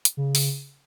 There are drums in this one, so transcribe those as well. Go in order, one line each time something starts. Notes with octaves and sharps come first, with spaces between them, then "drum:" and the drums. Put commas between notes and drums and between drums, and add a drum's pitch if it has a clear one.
drum: hi-hat
C#3
drum: open hi-hat